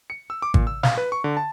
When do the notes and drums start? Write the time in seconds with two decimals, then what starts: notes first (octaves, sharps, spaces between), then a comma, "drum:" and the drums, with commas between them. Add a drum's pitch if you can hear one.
0.10 C#7
0.30 E6
0.42 D6
0.54 A#2, drum: kick G#1
0.67 E6
0.83 F5, drum: snare
0.97 B4
1.12 C#6
1.24 D3
1.37 A5